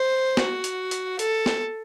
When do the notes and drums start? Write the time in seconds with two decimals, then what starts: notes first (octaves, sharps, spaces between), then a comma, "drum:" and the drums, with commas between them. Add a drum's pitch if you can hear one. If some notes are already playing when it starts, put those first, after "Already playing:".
Already playing: C5
0.37 F#4, drum: snare
0.64 drum: hi-hat
0.91 drum: hi-hat
1.19 A4, drum: hi-hat
1.46 drum: snare